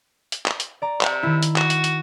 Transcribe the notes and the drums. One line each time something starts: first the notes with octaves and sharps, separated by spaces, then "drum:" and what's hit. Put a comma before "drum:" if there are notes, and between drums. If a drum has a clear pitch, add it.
drum: hi-hat
drum: clap
drum: hi-hat
D5 A#5
C3, drum: clap
D#3 E4
drum: hi-hat
F#4, drum: clap
drum: hi-hat
drum: hi-hat